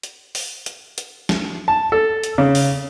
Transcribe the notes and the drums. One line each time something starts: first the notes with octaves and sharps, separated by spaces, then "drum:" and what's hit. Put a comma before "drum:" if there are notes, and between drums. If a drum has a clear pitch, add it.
drum: hi-hat
drum: open hi-hat
drum: hi-hat
drum: hi-hat
drum: snare
A5
A4
drum: hi-hat
C#3
drum: open hi-hat